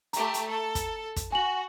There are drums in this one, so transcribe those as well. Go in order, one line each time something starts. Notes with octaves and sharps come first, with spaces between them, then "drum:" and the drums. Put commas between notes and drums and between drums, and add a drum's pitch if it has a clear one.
A3 G4 A#5, drum: hi-hat
drum: hi-hat
A4
drum: kick, hi-hat
drum: kick, hi-hat
F#4 G#5 F#7